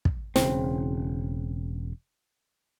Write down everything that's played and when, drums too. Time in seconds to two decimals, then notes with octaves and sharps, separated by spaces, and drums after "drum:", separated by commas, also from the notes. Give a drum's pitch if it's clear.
0.05 drum: kick
0.36 E1 D#2 C#3 C4, drum: snare